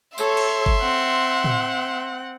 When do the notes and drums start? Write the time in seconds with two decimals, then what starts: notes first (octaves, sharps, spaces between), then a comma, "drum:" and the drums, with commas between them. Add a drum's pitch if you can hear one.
0.18 A4 C#5 E5 C6, drum: tambourine
0.37 drum: cymbal
0.66 drum: kick G1
0.81 C4 F#5
1.44 drum: tom